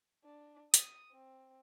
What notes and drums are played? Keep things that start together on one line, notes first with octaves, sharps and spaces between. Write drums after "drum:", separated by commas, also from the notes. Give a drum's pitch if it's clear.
D4
D#6, drum: hi-hat
C4